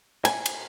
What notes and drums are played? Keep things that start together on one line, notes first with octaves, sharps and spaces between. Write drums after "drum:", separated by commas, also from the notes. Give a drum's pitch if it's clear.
G#5, drum: cymbal
drum: cymbal